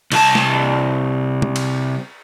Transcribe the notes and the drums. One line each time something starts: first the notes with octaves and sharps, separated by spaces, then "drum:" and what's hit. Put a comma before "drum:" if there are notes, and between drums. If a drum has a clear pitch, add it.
C2 A5, drum: cymbal
drum: snare
drum: tom
drum: cymbal